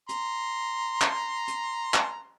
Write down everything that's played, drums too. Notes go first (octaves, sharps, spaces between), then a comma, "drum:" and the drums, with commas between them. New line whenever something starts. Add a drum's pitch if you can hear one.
A#5 C6, drum: hi-hat
drum: clap
drum: hi-hat
drum: clap